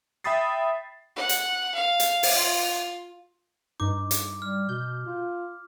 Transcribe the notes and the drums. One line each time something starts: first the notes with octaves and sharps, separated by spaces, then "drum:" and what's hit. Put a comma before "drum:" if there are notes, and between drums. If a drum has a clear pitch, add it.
E5 G5 B5 D#6 A6 C7
F#5
drum: hi-hat
F5
drum: hi-hat
drum: open hi-hat
F4
G2 D#4 D6
drum: hi-hat
G3 F6
B2 G6
F4